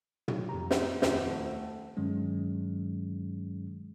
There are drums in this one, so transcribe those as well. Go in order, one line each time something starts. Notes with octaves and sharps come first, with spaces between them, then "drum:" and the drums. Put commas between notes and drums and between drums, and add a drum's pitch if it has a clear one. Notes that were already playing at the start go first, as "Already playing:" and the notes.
F#3 G4, drum: tom
F2 G4 A#5
F2 F#5, drum: snare
D#1 F2, drum: snare
A3
G2 D#3 F#3 G#3 C#4